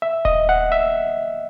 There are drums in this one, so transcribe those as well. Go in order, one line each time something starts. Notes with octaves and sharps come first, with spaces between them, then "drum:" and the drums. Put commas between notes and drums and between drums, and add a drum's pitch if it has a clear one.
E5
D#5, drum: kick D#1
F#5
E5